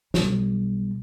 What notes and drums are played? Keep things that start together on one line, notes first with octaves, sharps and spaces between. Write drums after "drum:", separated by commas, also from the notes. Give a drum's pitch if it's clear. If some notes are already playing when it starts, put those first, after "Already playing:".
B1 G3, drum: snare